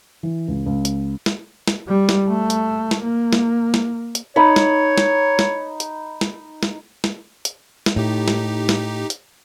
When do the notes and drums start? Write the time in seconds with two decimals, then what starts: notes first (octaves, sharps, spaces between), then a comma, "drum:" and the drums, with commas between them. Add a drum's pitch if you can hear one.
0.23 E3
0.48 C#2
0.66 C#2
0.85 drum: hi-hat
1.26 drum: snare
1.68 drum: snare
1.88 G3
2.09 drum: snare
2.29 A3
2.50 drum: hi-hat
2.91 drum: snare
3.03 A#3
3.33 drum: snare
3.74 drum: snare
4.15 drum: hi-hat
4.36 D#4 C#5 B5
4.56 drum: snare
4.98 drum: snare
5.39 drum: snare
5.80 drum: hi-hat
6.21 drum: snare
6.63 drum: snare
7.04 drum: snare
7.45 drum: hi-hat
7.86 drum: snare
7.96 A2 D#4 G4
8.28 drum: snare
8.69 drum: snare
9.10 drum: hi-hat